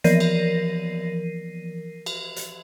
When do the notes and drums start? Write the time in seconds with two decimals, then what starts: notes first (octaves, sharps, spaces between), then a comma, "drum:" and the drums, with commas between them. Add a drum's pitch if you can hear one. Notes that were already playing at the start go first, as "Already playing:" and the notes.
0.04 E3 F3 A#4 A#6 C7 D#7, drum: hi-hat
0.20 drum: cymbal
2.06 drum: cymbal
2.36 drum: hi-hat